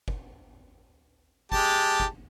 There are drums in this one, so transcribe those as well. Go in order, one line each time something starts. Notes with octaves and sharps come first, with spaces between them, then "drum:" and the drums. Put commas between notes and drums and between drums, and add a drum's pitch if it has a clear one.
drum: kick F#1
G#3 G4 A5, drum: kick F#1
drum: kick F#1